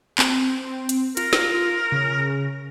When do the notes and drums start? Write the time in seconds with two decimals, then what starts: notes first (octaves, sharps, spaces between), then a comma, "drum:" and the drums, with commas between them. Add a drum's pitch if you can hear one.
0.19 C4, drum: clap
0.89 drum: hi-hat
1.17 F4 A#4, drum: hi-hat
1.33 drum: snare
1.92 C#3